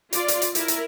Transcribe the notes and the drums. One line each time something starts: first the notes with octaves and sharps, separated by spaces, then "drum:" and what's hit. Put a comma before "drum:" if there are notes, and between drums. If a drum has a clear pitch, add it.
F4 D5, drum: hi-hat
drum: hi-hat
drum: hi-hat
E4 A#4, drum: hi-hat
drum: hi-hat